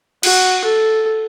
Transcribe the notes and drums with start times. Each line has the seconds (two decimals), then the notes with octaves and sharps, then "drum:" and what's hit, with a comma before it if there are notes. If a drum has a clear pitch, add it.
0.23 F#4, drum: cymbal
0.64 A4